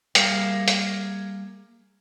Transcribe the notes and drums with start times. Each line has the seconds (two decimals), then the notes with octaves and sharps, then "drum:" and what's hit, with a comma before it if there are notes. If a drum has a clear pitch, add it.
0.15 G3 A#3 G#4 A#4 E5 F5, drum: hi-hat
0.68 drum: hi-hat